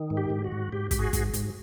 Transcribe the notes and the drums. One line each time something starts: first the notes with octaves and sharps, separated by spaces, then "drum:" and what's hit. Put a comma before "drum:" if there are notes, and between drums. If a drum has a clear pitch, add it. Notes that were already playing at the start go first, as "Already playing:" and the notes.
Already playing: D#3
G#2
G4
G#2
F#4
G#2
G#2 G4
G#2 G4, drum: kick, hi-hat
F#4 G#4
G#2, drum: kick, hi-hat
G#2, drum: hi-hat